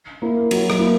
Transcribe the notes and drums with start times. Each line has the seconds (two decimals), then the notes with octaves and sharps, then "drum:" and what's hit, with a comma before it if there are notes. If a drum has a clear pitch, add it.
0.22 A#3 E4
0.51 F#3, drum: cymbal
0.70 drum: rim click
0.79 A#3 E4